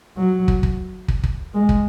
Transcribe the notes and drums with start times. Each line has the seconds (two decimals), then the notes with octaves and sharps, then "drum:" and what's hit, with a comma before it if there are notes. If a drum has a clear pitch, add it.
0.17 F#3
0.48 drum: kick
0.63 drum: kick
1.08 drum: kick
1.24 drum: kick
1.54 G#3
1.69 drum: kick